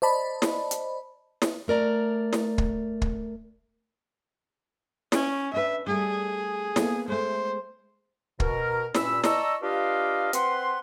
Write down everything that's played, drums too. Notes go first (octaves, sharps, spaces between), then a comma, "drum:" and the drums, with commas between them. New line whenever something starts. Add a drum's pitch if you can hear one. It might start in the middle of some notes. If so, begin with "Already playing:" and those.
C5 D5 D#5 A5 B5
drum: snare
drum: hi-hat
drum: snare
A3 A#4 D5 A#5
drum: snare
drum: kick
drum: kick
C#4, drum: snare
D4 B4 E5
G3 A3 G#4 D5
A#3 B3 A4, drum: snare
G#3 A3 C5
B2 A#4, drum: kick
G2 A#2 C#4 B5 E6, drum: snare
D5 D#5 A5 A#5 C#6 E6, drum: snare
D4 F4 G4 B4 D#5 F5
C4 B4 F#5 C6, drum: hi-hat